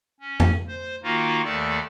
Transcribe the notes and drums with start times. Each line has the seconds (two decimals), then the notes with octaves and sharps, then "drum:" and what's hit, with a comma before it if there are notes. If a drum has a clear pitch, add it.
0.20 C#4
0.40 drum: tom F2
0.68 C5
1.03 D#3 A#3 D#4 F4 F#4
1.44 D#2 D#3 A3 A4 D5